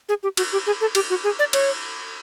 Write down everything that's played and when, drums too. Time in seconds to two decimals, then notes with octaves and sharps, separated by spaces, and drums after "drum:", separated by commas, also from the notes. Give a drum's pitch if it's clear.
0.09 G#4
0.23 G4
0.37 F#4, drum: cymbal
0.52 G4
0.66 G#4
0.81 A4
0.95 G4, drum: cymbal
1.10 F#4
1.24 G#4
1.39 D5
1.53 C#5, drum: cymbal